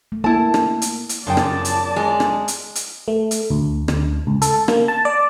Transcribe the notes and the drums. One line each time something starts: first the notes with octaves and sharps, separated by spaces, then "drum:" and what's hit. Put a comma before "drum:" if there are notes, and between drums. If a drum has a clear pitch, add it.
A3
A#3 E4 A5
drum: rim click
drum: hi-hat
drum: hi-hat
F#2 C#3 F3 D5 G5 A5
drum: rim click
drum: hi-hat
G#3
drum: rim click
drum: hi-hat
drum: hi-hat
A3
drum: hi-hat
D2
D2, drum: rim click
C#2
A4, drum: hi-hat
A#3, drum: rim click
A5
D5